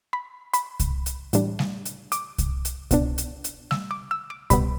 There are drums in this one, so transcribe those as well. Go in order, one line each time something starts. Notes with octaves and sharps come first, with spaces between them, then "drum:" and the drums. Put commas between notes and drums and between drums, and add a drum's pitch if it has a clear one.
B5
B5, drum: hi-hat
drum: kick C2, hi-hat
drum: hi-hat
A2 E3 G3 D4, drum: hi-hat
drum: snare G3
drum: hi-hat
D6, drum: hi-hat
drum: kick C2, hi-hat
drum: hi-hat
B2 B3 D4, drum: kick C2, hi-hat
drum: hi-hat
drum: hi-hat
E6, drum: snare G3
D6
E6
D6
B2 G3 B3 B5, drum: kick C2, hi-hat